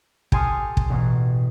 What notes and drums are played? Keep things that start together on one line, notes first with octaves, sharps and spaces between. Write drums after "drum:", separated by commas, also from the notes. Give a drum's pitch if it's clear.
G4 A4 G#5 C6 D#6 F6, drum: kick
drum: kick
A1 B2